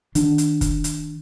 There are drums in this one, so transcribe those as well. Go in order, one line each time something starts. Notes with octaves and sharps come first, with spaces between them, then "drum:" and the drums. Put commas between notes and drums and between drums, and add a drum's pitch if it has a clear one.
D#3 D4, drum: hi-hat
drum: hi-hat
drum: kick, hi-hat
drum: hi-hat